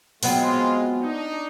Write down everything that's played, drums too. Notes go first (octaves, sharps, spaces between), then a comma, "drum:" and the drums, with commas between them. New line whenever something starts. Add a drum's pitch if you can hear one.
F#3 G#3 B3 C4 F4, drum: open hi-hat
D4 D#4